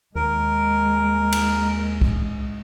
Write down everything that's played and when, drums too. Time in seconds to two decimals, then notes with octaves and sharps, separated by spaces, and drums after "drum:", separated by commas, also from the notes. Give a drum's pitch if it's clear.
0.15 D#2 G#3 A#4
1.32 drum: cymbal
2.01 drum: kick C2